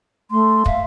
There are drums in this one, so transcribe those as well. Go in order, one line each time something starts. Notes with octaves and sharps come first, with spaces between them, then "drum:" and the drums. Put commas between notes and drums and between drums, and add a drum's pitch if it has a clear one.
A3 C6
E5 F5, drum: kick